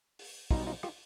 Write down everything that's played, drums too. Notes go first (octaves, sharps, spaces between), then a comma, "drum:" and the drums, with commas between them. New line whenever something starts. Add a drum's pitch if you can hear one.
drum: open hi-hat
B1 B2 G3 B3 D#4 F4, drum: kick, open hi-hat
D#4 F4
F4 G4, drum: rim click